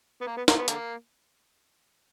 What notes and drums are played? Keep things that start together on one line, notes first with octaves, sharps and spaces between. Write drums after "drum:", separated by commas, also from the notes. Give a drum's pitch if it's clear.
B3
A#3
B3
A#3, drum: snare
B3
D3 A#3, drum: hi-hat